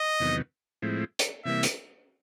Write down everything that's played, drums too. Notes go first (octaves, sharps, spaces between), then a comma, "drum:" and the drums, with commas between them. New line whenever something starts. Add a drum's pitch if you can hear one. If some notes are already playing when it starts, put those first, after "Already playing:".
Already playing: D#5
E2 C3 D#3 F#3 B3
A2 F3 G#3 C4 E4
drum: hi-hat
C3 E3 G3 A#3 E5
drum: hi-hat